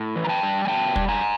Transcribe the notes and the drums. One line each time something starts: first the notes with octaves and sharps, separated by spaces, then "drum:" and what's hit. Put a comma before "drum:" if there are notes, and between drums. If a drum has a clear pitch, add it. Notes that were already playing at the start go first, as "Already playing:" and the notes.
Already playing: A2
E3
A#5
G5 A5
G3
G#5
B2 G5 A5
G3, drum: kick
G#5 A#5